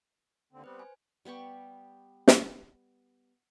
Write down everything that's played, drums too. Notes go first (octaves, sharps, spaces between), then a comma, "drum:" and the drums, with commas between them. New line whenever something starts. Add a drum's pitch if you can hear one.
D#2 D3 C4
G3 B3 C4 B4 C5
G#5
G3 B3 G4 C#6
drum: snare